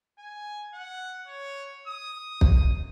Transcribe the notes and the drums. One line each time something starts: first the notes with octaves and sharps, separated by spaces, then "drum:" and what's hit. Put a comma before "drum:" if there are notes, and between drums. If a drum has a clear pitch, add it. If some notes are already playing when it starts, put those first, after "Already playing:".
G#5
F#5
C#5
D#6
drum: kick